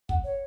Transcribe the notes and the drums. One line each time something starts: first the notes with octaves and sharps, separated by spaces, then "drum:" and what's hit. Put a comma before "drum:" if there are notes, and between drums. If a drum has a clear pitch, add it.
F#5, drum: kick
C#5